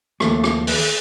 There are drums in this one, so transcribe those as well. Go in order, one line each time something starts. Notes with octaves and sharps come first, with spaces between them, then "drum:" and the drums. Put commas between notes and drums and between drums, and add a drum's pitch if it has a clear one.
D#2 F3 A3 A#3, drum: rim click
drum: rim click
drum: open hi-hat